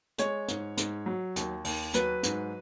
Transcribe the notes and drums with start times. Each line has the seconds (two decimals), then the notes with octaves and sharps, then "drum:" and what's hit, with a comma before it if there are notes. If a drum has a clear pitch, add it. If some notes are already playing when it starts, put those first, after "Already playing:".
0.18 G#3 C#5, drum: hi-hat
0.48 G#2, drum: hi-hat
0.77 G#2, drum: hi-hat
1.06 F#3
1.36 D#2, drum: hi-hat
1.65 D#2, drum: open hi-hat
1.94 F#3 B4, drum: hi-hat
2.23 G#2, drum: hi-hat